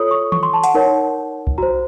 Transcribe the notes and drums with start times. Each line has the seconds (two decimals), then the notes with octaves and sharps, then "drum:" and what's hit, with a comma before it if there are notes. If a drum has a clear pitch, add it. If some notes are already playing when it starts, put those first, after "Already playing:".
Already playing: F4 A4 C#5 D#6
0.11 C#6
0.32 C#6, drum: tom D#3
0.43 C6
0.53 A5
0.64 F#5, drum: hi-hat
0.74 D#4 A#4 C#5
1.47 drum: kick B1
1.58 F#4 C5 A#5